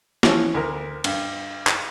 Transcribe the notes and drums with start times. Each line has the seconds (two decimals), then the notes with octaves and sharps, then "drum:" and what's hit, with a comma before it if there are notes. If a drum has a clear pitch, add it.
0.23 E3 F3 C#4, drum: snare
0.55 D2 A#4
1.04 G2, drum: cymbal
1.67 drum: clap